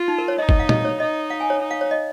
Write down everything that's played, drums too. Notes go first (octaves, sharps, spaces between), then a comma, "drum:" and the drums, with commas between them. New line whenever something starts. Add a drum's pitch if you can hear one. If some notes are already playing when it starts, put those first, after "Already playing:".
Already playing: F4
D#4
A#4
C#5
D#4 D#5
D#5, drum: kick F#1
F5
D#5, drum: tom A#2
C#5
D#4 D#5
F5
G#5
C#5
D#4
F5
C#5
D#5